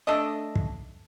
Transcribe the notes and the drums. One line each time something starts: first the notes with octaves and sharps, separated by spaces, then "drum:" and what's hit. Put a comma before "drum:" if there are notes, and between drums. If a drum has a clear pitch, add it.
A3 D4 A4 D#5
drum: kick